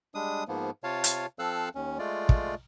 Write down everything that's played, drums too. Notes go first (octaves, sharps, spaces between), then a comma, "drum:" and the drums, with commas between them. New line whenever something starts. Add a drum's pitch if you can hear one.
G3 G#3 D4 D#6
G#2 F3 A#3 B3
C3 F4 C#5 F5 A5
drum: hi-hat
F3 C4 A4 F5 E6 F#6
D#2 C#4
G#3 A3 F4 D5
drum: kick